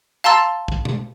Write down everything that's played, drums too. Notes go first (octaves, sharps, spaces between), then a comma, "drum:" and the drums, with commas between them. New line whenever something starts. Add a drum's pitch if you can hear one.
F5 A5 A#5 C6 E6 A6
drum: kick
drum: tom B2